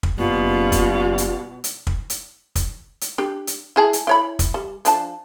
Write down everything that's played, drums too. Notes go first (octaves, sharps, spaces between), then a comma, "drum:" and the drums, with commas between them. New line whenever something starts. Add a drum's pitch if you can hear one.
drum: kick
F#1 B2 G3 F4
drum: kick, hi-hat
drum: hi-hat
drum: hi-hat
drum: kick
drum: hi-hat
drum: kick, hi-hat
drum: hi-hat
D4 G4
drum: hi-hat
E4 G#4 A5
drum: hi-hat
E4 C#5 B5
drum: kick, hi-hat
G3
F3 D4 A5, drum: hi-hat